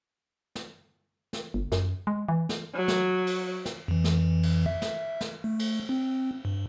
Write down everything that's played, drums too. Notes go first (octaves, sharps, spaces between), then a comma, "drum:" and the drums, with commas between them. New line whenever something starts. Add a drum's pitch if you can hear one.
drum: snare
drum: snare
G1
F#2, drum: snare
G#3
E3
drum: snare
F#3
drum: snare
drum: cymbal
drum: snare
F2 E3
drum: snare
drum: cymbal
E5
drum: snare
drum: snare
A3
drum: cymbal
C4
G2